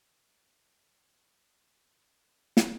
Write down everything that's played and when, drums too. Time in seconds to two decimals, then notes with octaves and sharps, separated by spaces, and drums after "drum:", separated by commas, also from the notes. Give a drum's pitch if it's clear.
0.08 A#3 D#4 F4 F#4
2.57 drum: snare